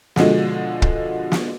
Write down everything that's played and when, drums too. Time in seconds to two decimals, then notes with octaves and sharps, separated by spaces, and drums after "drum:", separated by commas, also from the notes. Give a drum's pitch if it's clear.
0.16 B2 D3 F3 G#3, drum: snare
0.82 drum: kick
1.32 drum: snare